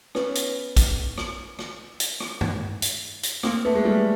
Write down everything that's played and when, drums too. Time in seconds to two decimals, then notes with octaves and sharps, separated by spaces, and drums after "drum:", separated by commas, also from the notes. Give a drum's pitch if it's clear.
0.15 B3 C#4, drum: rim click
0.35 drum: hi-hat
0.76 drum: kick, hi-hat
1.18 drum: rim click
1.59 drum: rim click
2.00 drum: hi-hat
2.20 drum: rim click
2.41 drum: tom G2
2.82 drum: hi-hat
3.23 drum: hi-hat
3.43 A#3 C4, drum: rim click
3.65 A3 B3
3.75 G#3
3.85 G3 A3